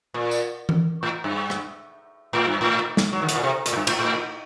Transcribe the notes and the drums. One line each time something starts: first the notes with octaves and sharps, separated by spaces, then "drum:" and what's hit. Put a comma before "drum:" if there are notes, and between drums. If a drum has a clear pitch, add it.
A#2
drum: tambourine
drum: tom E3
A2
G2
drum: rim click
A2
G2
A2
drum: snare
F#3
D#3
A2, drum: hi-hat
A#2
C3
A#2, drum: hi-hat
A2
G2
A2, drum: cymbal
A2